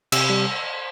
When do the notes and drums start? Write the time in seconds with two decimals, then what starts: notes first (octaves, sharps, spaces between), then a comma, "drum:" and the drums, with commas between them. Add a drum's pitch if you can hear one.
0.12 C3 E6, drum: cymbal
0.29 G3